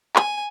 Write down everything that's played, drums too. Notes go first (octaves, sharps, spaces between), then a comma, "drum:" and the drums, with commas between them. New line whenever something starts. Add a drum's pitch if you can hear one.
G#5, drum: clap